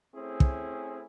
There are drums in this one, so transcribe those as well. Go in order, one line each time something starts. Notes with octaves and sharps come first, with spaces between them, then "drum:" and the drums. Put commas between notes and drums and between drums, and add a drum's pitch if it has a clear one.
A3 C4 C#4 E4 G#4
drum: kick